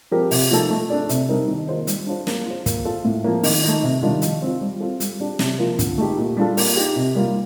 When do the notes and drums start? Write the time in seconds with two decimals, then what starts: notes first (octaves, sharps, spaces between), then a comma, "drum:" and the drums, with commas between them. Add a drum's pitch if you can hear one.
0.11 F3 C4 G4 A#4
0.31 C3, drum: open hi-hat
0.51 F3 A3 D#4 A4
0.70 A3
0.90 D4 A4 D5
1.09 C3, drum: hi-hat
1.29 G3 C4 D#4 A#4
1.48 D#3
1.69 A#3 F4 C5
1.87 G3, drum: hi-hat
2.07 D4 F4 C5
2.27 A#3, drum: snare
2.46 F4 C5
2.66 A#3, drum: kick, hi-hat
2.85 F4 A4
3.05 A2
3.24 F3 A#3
3.43 D#3, drum: open hi-hat
3.63 A3 D#4
3.83 C3
4.02 D#3 G3 D4 F4
4.22 F3, drum: hi-hat
4.42 C4 F4
4.61 G3
4.80 C4 F4 A4
5.00 G3, drum: hi-hat
5.20 D4 G4 D5
5.39 C3, drum: snare
5.59 F3 A#3 F4 A#4
5.79 D3, drum: kick, hi-hat
5.98 A3 D#4 G4
6.17 A#2
6.37 G3 D4 F4 A4
6.57 A#3, drum: open hi-hat
6.76 D#4 G4
6.96 C3
7.15 G3 A#3 F4